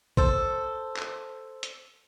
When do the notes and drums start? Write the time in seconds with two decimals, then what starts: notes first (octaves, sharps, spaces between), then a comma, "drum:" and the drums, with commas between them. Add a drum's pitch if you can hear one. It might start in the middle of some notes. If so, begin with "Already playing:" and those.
0.17 A4 C5, drum: kick
0.97 drum: clap
1.63 drum: hi-hat